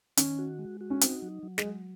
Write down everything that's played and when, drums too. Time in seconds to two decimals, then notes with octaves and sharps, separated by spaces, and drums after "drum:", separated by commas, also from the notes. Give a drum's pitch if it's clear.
0.17 D#3 C#4, drum: hi-hat
0.39 F#4
0.59 G#3
0.81 F#4
0.90 C#4
1.01 C4 D#4, drum: hi-hat
1.22 F#3
1.43 F#3
1.58 G#3, drum: snare
1.64 F#3